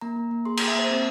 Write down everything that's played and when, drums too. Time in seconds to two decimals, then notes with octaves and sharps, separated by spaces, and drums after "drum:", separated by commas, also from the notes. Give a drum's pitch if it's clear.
0.01 A#3 A#5
0.16 A#3
0.31 A#3
0.45 G#4 C6
0.57 G#4 A#5, drum: cymbal
0.68 E5
0.75 A#3 C5
0.90 C4